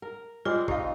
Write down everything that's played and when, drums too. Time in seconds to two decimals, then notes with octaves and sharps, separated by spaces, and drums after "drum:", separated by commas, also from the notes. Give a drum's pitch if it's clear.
0.02 A#4
0.45 G3 G#3 C4 F4 D#5 D6
0.68 D#4 G4 D#5 F5, drum: kick A1